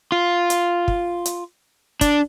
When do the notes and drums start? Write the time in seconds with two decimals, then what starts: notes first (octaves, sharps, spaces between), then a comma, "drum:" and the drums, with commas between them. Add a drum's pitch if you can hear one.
0.12 F4
0.50 drum: hi-hat
0.88 drum: kick
1.26 drum: hi-hat
2.01 D4, drum: kick, hi-hat